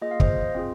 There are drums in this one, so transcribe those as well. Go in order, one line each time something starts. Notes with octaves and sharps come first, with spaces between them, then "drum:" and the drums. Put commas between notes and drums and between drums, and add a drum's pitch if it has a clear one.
A#3 F4 G#4 D#5
F5
C5 D#5, drum: kick
C4 F4 G#4